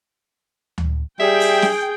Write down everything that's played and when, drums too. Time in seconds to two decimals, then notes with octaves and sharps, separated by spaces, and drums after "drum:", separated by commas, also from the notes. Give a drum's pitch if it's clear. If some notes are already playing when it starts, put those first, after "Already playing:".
0.78 drum: tom D2
1.20 G3 G#4 E5 G5
1.40 drum: open hi-hat
1.62 drum: snare